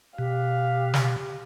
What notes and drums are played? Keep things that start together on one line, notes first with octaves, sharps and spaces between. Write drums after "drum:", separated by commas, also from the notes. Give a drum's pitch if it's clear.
B2 G4 F5
drum: snare